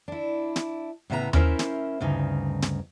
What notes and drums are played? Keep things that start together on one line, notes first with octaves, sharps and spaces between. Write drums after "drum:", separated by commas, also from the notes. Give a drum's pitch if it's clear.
D4 E4
drum: snare
A2 C#3 B3 E5 F5 A#5
C#4 E4 A#4 C5 E5, drum: tom D#2
drum: snare
D2 G2 C#3 D#4
drum: snare